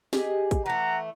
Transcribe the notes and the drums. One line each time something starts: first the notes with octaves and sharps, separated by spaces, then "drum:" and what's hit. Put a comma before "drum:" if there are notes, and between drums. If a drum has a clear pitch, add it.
G4 G#4 D#5, drum: snare
drum: kick, hi-hat
E3 A3 F#5 A#5